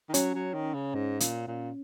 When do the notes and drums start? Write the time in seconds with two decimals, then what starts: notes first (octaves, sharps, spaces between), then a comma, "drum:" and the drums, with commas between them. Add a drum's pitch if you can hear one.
0.09 D#3
0.14 F#3 C#4, drum: hi-hat
0.34 F#3
0.54 D#3
0.74 C#3
0.94 G#2
1.20 A#2, drum: hi-hat
1.47 A#2